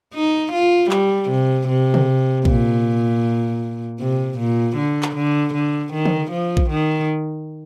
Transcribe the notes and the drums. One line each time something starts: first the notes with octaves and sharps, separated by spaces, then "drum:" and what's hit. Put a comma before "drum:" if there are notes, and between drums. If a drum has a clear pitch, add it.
D#4
F4
G3, drum: clap
C3
C3
drum: tom
A#2, drum: kick A#1
C3
A#2
D3
drum: clap
D3
D3
D#3
drum: tom
F3
drum: kick A#1
D#3